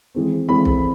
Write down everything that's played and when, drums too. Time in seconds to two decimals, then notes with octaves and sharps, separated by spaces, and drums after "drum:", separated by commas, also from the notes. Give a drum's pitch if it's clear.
0.15 E3 G#3 C4
0.48 E3 G#3 C4 B5
0.65 drum: kick B1